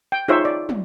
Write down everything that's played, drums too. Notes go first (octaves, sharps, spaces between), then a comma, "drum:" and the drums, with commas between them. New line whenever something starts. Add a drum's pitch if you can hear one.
G5
D#4 F4 G#4 C5 C#5 E5
D5
drum: tom